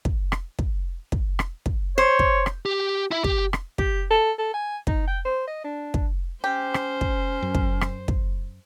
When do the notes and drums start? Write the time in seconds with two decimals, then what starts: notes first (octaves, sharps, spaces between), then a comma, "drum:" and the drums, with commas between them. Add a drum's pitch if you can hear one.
0.05 drum: kick
0.32 drum: rim click
0.59 drum: kick
1.12 drum: kick
1.39 drum: rim click
1.66 drum: kick
1.98 C5 C#5
2.19 drum: kick
2.46 drum: rim click
2.66 G4
3.11 E4 E5
3.24 G4, drum: kick
3.53 drum: rim click
3.78 G4, drum: kick
4.10 A4
4.38 A4
4.54 G#5
4.87 D#4, drum: kick
5.07 G5
5.25 C5
5.47 D#5
5.64 D4
5.94 drum: kick
6.44 C#4 G4 C5
6.74 drum: rim click
7.01 drum: kick
7.42 F#2
7.55 drum: kick
7.81 drum: rim click
8.08 drum: kick